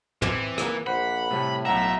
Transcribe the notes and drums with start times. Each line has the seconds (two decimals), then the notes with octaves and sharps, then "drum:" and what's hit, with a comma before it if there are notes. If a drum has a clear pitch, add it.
0.22 E3 C4 D6, drum: tom
0.58 A#3, drum: rim click
0.87 A#1 C5 F#5 B5
1.31 A2 C3 G3
1.66 B1 E5 F#5 A#5